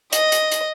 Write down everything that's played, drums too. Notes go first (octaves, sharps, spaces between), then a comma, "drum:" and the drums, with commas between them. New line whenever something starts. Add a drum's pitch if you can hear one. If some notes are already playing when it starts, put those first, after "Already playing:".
D#5, drum: hi-hat
drum: hi-hat
drum: hi-hat